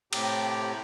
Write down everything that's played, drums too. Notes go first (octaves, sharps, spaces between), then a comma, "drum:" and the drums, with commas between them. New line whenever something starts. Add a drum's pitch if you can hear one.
A2 C3 G4 A#5, drum: cymbal